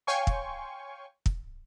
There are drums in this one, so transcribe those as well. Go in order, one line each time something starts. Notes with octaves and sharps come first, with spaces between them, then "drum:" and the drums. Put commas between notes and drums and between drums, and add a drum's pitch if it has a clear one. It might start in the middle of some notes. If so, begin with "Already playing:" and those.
C#5 F5 G5 G#5 C6 C#6
drum: kick
drum: kick